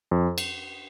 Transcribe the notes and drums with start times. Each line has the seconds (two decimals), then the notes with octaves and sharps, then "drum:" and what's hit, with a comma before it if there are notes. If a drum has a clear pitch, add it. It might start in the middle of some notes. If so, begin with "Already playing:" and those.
0.11 F2
0.38 drum: cymbal